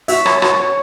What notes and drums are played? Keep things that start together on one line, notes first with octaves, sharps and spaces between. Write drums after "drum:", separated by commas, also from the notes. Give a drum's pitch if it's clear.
F#4 E5, drum: open hi-hat
C#5, drum: rim click
F#4, drum: rim click
C#5